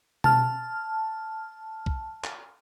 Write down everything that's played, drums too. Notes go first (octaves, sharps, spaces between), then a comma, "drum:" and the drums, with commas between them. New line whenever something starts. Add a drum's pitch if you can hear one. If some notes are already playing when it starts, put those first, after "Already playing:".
A5 F6, drum: tom B2
drum: kick B1
drum: clap